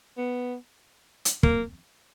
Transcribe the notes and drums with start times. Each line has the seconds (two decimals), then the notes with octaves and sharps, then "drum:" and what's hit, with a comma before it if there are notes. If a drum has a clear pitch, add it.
0.18 B3
1.25 drum: hi-hat
1.43 A#3, drum: kick